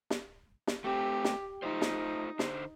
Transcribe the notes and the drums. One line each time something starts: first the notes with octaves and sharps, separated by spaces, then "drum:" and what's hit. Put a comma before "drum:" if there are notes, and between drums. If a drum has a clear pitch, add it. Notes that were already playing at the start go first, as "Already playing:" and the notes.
drum: snare
drum: snare
A3 C4 G4
drum: snare
A3 D#4 F4 C5
drum: snare
D3 C5, drum: snare